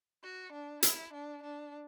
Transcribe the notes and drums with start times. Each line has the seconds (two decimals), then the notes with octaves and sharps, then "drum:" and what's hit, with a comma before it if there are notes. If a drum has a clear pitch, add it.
0.23 F#4
0.53 D4
0.83 E4, drum: hi-hat
1.13 D4
1.43 D4